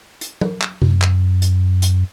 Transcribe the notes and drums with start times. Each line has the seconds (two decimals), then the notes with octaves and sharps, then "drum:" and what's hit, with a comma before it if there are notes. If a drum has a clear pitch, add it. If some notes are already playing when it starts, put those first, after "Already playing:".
0.21 drum: hi-hat
0.41 drum: tom F#3
0.62 drum: clap
0.82 F#2, drum: tom C3
1.02 drum: clap
1.42 drum: hi-hat
1.82 drum: hi-hat